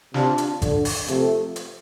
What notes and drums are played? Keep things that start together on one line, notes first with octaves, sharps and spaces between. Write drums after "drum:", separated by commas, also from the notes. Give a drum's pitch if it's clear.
C3 D4 F4, drum: snare
drum: hi-hat
D3, drum: kick G#1, hi-hat
drum: open hi-hat
C3 F3 A3, drum: hi-hat
drum: hi-hat